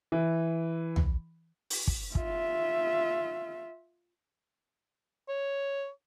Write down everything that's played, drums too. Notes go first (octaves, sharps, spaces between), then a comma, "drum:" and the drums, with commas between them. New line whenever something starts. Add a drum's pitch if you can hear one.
E3
drum: tom
drum: open hi-hat
drum: kick
F4 E5, drum: kick
C#5